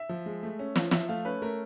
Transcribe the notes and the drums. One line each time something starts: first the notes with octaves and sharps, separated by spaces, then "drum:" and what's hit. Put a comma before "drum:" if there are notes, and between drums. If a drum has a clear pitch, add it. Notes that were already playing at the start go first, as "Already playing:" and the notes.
Already playing: E5
F3
G#3
A3
C#4
F3, drum: snare
F3 E5, drum: snare
A3 F5
C#4 B4
A3 A#4